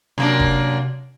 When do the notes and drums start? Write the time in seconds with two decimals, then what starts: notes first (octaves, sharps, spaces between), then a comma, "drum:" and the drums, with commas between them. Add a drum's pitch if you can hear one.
0.18 F#2 C3 A#3 D4
0.40 drum: kick E1